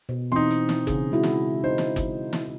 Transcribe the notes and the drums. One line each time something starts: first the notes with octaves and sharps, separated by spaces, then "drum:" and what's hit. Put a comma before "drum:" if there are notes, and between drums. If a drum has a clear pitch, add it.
B2
E3 C4 D#4 C6
drum: hi-hat
drum: snare
C#3 G#4, drum: kick, hi-hat
G#3 E4 F#4
drum: snare
D#4 C5
drum: snare
drum: kick, hi-hat
drum: snare